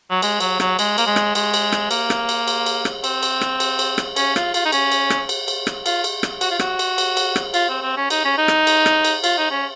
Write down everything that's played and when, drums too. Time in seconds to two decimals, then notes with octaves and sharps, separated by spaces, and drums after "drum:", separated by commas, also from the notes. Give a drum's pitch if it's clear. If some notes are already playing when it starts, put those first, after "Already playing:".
0.10 F#3
0.22 G#3, drum: cymbal
0.40 F#3, drum: cymbal
0.60 F#3, drum: rim click
0.79 G#3, drum: cymbal
0.98 A#3, drum: cymbal
1.06 G#3
1.16 drum: rim click
1.35 G#3, drum: cymbal
1.54 drum: cymbal
1.72 drum: rim click
1.91 A#3, drum: cymbal
2.10 drum: rim click
2.29 drum: cymbal
2.48 drum: cymbal
2.66 drum: cymbal
2.85 drum: rim click
3.04 C4, drum: cymbal
3.23 drum: cymbal
3.41 drum: rim click
3.60 drum: cymbal
3.79 drum: cymbal
3.98 drum: rim click
4.16 C#4, drum: cymbal
4.36 F4, drum: rim click
4.54 F4, drum: cymbal
4.65 D#4
4.72 C#4, drum: cymbal
4.92 drum: cymbal
5.10 drum: rim click
5.29 drum: cymbal
5.48 drum: cymbal
5.67 drum: rim click
5.86 F4, drum: cymbal
6.04 drum: cymbal
6.23 drum: rim click
6.41 F#4, drum: cymbal
6.51 F4
6.59 F#4, drum: rim click
6.79 drum: cymbal
6.98 drum: cymbal
7.17 drum: cymbal
7.36 drum: rim click
7.54 F4, drum: cymbal
7.69 C4
7.82 C4
7.97 C#4
8.10 D#4, drum: cymbal
8.25 C#4
8.38 D#4
8.48 drum: rim click
8.67 drum: cymbal
8.86 drum: rim click
9.05 drum: cymbal
9.24 F4, drum: cymbal
9.38 D#4
9.51 C#4